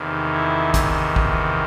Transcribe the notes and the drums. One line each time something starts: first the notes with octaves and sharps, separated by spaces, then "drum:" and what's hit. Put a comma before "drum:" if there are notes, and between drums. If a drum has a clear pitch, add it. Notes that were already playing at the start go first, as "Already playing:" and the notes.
Already playing: E2 C3 D#3
E4
drum: kick, hi-hat
drum: kick